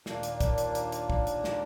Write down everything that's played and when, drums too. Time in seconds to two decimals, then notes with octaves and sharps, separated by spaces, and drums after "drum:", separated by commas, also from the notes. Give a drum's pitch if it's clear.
0.06 D#2 A#2 A#3 D4, drum: snare
0.23 drum: hi-hat
0.41 drum: kick, hi-hat
0.58 drum: hi-hat
0.75 drum: hi-hat
0.92 drum: hi-hat
1.10 drum: kick
1.27 drum: hi-hat
1.44 drum: snare